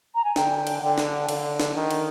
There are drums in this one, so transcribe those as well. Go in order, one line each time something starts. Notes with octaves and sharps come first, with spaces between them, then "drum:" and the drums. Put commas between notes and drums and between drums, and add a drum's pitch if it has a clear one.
A#5
G#5
D3 G5, drum: snare
drum: cymbal
D3
drum: snare
D3, drum: cymbal
drum: snare
D#3
drum: cymbal